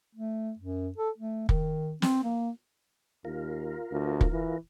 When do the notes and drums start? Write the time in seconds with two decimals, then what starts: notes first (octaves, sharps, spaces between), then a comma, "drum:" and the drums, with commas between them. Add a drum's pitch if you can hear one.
0.15 A3
0.59 F#2
0.98 A4
1.18 A3
1.49 D#3, drum: kick
2.02 C4, drum: snare
2.24 A#3
3.25 D#2 F4 A#4
3.92 D2
4.21 drum: kick
4.32 E3